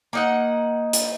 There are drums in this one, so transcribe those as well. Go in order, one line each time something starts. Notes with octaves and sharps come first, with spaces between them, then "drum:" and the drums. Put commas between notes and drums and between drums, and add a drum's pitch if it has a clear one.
A#3 D#4 F#5
drum: hi-hat